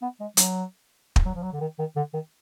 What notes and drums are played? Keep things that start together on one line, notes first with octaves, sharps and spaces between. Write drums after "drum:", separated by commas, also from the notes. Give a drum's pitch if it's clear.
B3
G#3
F#3, drum: hi-hat
drum: kick
F#3
F3
F#3
D3
D#3
D#3
D3
D#3